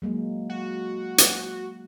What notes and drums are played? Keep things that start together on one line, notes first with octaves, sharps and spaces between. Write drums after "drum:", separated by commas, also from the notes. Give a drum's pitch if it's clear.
F#3 G#3 A#3
F#4
drum: hi-hat